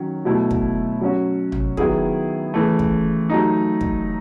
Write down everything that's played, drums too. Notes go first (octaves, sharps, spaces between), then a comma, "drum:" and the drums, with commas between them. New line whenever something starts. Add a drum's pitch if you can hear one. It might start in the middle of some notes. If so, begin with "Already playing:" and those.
Already playing: D#3 F#3 C#4
B2 F#3 A3 E4
drum: kick
F#3 C#4 F#4
drum: tom
D#3 F#3 B3 E4 G#4, drum: kick
C#3 E3 A3
drum: kick
F#3 A3 D#4
drum: kick